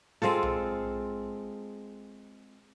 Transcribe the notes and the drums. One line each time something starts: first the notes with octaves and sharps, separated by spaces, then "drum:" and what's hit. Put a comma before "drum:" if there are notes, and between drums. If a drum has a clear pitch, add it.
G#3 C4 F4 A4, drum: snare
drum: tom B1